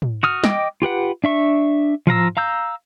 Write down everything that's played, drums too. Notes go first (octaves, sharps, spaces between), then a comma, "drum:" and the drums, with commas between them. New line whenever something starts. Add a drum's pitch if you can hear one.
drum: tom
F#4 D#6 F6
D#5 G5 D6, drum: snare G3
F4 G4 B4 F#5
D4 E5 C#6
F3 F5 A#5 E6, drum: tom
F5 A#5 E6 G6